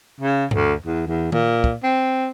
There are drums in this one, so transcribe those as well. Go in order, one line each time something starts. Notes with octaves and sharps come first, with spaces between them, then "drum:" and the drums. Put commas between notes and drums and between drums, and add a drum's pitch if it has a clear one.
C#3
D2, drum: tom G2
E2
E2
A#2, drum: tom D#3
drum: kick
C4